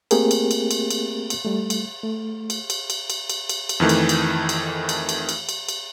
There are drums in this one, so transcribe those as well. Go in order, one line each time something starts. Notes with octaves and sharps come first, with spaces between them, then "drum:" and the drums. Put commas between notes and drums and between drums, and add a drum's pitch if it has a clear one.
A3 A#3 C4 G4 G#4 A#4, drum: cymbal
drum: cymbal
drum: cymbal
drum: cymbal
drum: cymbal
drum: cymbal
G3 A3
drum: cymbal
A3
drum: cymbal
drum: cymbal
drum: cymbal
drum: cymbal
drum: cymbal
drum: cymbal
drum: cymbal
F2 D#3 E3 A3
drum: cymbal
drum: cymbal
drum: cymbal
drum: cymbal
drum: cymbal
drum: cymbal
drum: cymbal
drum: cymbal